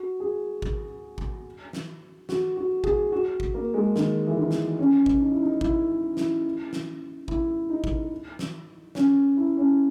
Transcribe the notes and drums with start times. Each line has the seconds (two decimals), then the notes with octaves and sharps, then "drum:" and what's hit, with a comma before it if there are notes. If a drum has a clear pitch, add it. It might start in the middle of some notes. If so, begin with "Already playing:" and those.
Already playing: F#4
0.20 G#4
0.62 drum: kick G#1
1.18 drum: kick G#1
1.73 drum: snare
2.29 F#4, drum: snare
2.57 F#4
2.84 G#4, drum: kick G#1
3.12 F#4
3.40 drum: kick G#1
3.54 A#3
3.74 G#3
3.96 D#3, drum: snare
4.27 E3
4.37 D#3
4.51 drum: snare
4.79 C#4
5.06 drum: kick G#1
5.20 D#4
5.30 E4
5.42 D#4
5.61 E4, drum: kick G#1
6.17 E4, drum: snare
6.73 drum: snare
7.28 E4, drum: kick G#1
7.70 D#4
7.84 drum: kick G#1
8.39 drum: snare
8.95 C#4, drum: snare
9.37 E4
9.57 C#4